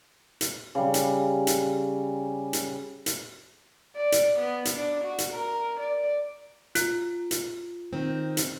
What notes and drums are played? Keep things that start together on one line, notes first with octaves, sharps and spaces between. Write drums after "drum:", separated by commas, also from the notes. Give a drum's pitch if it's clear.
drum: hi-hat
C#3 G3
drum: hi-hat
drum: hi-hat
drum: hi-hat
drum: hi-hat
D5
drum: hi-hat
B3
drum: hi-hat
D4
F#4
drum: hi-hat
A#4
D5
F4, drum: hi-hat
drum: hi-hat
D#3 C4
drum: hi-hat